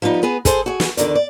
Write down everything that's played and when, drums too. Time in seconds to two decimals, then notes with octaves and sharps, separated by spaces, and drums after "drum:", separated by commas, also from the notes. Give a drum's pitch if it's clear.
0.02 F3 G3 B3 D4 D#4
0.23 B3 G#4 B4
0.45 G#4 A4 C5, drum: kick, hi-hat
0.66 F#4 G#4
0.80 drum: snare
0.97 E2 D3 D#3 D5, drum: hi-hat
1.15 D5